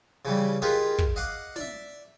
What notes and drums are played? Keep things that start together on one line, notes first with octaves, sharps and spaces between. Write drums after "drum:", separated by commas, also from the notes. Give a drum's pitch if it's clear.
C#3 E3 G3
D#4 F4 G4 G#4 A#4 B4
drum: kick
D#5 F5 F#5 D6
D5 E5, drum: snare